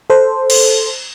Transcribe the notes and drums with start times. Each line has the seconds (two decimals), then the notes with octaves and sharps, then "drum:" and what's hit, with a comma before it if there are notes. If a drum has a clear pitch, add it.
0.10 A4 C5
0.50 drum: cymbal